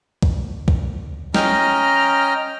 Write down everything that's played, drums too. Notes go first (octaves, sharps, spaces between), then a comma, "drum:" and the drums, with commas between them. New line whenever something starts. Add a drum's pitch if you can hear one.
drum: kick C2
drum: kick C2
C#4 D#5 G5 A#5 F6, drum: snare